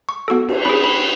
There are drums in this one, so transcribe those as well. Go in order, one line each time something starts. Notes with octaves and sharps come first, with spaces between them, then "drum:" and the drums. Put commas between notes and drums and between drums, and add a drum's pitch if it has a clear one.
C#6
B3 F#4 A4
drum: cymbal
C#4 G#4 B5
B5